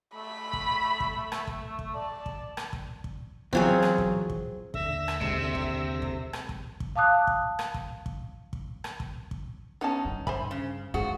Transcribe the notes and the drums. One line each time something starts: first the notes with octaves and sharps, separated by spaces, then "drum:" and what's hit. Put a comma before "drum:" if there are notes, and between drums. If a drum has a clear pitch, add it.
A3 B5
drum: kick
drum: kick
drum: rim click
drum: kick
drum: kick
D5 A5
drum: kick
drum: rim click
drum: kick
drum: kick
E2 F#3 C4 F4 G#4, drum: kick
drum: rim click
drum: kick
drum: kick
D#2 D3 E5 A#6, drum: kick
drum: rim click
C3 G#3, drum: kick
drum: kick
drum: kick
drum: rim click
drum: kick
drum: kick
F5 A5 D6 D#6 F#6
drum: kick
drum: rim click
drum: kick
drum: kick
drum: kick
drum: rim click
drum: kick
drum: kick
B3 C#4 D#4 A5
G2
C5 G#5 B5, drum: kick
C#3
G#2 F3 F#4 G#4